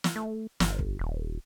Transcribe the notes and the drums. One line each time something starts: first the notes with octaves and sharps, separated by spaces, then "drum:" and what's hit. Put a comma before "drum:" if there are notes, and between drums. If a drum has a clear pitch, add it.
drum: snare
A3
G1, drum: snare
drum: kick
D#1